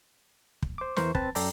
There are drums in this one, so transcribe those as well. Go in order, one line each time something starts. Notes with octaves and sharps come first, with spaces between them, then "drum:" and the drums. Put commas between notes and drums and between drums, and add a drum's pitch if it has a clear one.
drum: kick
C5 D6
E2 E3 A#4 C5 C#6, drum: snare
C4 B4 A5 A6, drum: kick
F#2 A4 D5 G5 A#5, drum: open hi-hat